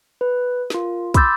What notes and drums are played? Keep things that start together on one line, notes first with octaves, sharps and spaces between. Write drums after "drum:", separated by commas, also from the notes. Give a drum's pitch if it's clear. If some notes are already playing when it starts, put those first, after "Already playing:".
B4
F4 A#4, drum: snare
B5 C6 D6 E6 G6 A6, drum: kick, hi-hat